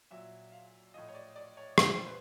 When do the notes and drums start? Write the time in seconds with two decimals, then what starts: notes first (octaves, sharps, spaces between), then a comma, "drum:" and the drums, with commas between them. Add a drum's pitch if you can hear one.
0.11 A#2 F#3 E5
0.52 F5
0.94 A2 F3 D#5
1.08 C#5
1.15 D5
1.36 D5
1.57 C#5
1.78 A#2 F3 C5, drum: rim click
1.95 C5
2.05 B4